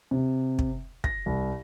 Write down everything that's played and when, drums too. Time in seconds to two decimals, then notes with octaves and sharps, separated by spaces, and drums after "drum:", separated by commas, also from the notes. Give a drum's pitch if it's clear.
0.11 C3
0.59 drum: kick
1.04 A#6, drum: kick
1.26 C2